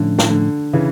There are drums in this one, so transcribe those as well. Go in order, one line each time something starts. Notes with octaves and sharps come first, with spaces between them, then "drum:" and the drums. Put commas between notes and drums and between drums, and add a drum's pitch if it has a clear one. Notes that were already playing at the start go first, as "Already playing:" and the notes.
Already playing: A2 D3 F3 A3 C#4
drum: snare
D3
C#3 E3